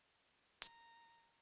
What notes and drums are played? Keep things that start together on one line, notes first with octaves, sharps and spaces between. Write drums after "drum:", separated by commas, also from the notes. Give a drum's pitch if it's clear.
A#5, drum: hi-hat